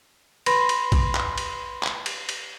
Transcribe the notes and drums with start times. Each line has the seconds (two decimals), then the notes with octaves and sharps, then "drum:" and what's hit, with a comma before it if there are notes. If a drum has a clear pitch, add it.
0.46 B4 B5 C6 A#6, drum: cymbal
0.69 drum: cymbal
0.92 drum: kick A#1, cymbal
1.15 drum: clap
1.38 drum: cymbal
1.83 drum: clap
2.06 drum: cymbal
2.29 drum: cymbal